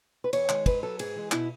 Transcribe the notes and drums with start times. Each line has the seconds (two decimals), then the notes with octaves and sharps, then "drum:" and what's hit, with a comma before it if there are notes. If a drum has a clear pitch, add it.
0.24 B4
0.33 E2 C#5, drum: cymbal
0.49 D#3 G#3, drum: clap
0.66 G#2 B4, drum: kick, cymbal
0.82 F#3 A4
0.99 G#2 G#4, drum: cymbal
1.16 E3 G#3
1.32 B2 E4, drum: clap